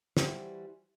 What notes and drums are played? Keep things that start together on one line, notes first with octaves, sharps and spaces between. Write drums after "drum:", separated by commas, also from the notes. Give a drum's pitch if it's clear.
E3 G3 E4 F#4 G4 C5, drum: snare